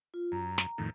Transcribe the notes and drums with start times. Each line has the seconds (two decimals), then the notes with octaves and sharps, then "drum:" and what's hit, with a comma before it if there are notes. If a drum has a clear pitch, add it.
0.14 F4
0.32 F#2 A#5
0.58 drum: snare
0.78 F2 A2 D#3